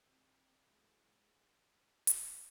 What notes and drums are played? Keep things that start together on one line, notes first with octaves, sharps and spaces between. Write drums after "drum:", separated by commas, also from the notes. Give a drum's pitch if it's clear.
D#3 C4 G4 D5 G5
E3 G#3 A3 C#4 F#4
G#3
drum: hi-hat